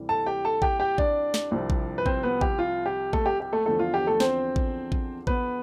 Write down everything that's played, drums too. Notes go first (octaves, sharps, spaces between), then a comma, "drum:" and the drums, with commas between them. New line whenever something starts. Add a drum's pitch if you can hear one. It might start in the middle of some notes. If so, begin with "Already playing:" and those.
Already playing: D2 C3 E3 G3
A4 A5
G4 G5
A4 A5
G4 G5, drum: kick A1
G4 G5
D4 D5, drum: kick A1
drum: snare
C2 C3 F3
drum: kick A1
B4
C4 C5, drum: kick A1
B3 B4
G4, drum: kick A1
F4
G4
A3 A4, drum: kick A1
G4
G4
A3 A4
E2 D3 F3 A3 A4
F4
G4
A3 A4
C4 C5, drum: snare
drum: kick A1
drum: kick A1
B3 B4, drum: kick A1